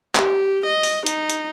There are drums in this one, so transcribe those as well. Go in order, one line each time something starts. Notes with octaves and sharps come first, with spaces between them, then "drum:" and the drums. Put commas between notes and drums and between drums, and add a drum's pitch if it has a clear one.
G4, drum: clap
D#5
drum: open hi-hat
D#4, drum: hi-hat
drum: hi-hat